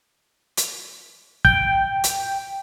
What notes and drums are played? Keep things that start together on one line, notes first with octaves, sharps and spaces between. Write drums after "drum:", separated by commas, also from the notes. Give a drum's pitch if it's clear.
drum: hi-hat
G5, drum: kick
drum: hi-hat